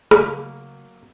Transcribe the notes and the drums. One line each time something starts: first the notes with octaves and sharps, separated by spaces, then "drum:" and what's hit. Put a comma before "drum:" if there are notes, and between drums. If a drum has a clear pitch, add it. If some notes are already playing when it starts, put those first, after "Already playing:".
C#3 F#3 A3 A#3, drum: rim click